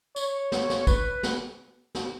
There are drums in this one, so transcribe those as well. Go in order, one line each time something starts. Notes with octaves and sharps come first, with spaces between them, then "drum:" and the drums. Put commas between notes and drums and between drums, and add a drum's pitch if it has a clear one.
C#5, drum: tambourine
drum: snare
drum: snare
B4, drum: kick, tambourine
drum: snare
drum: snare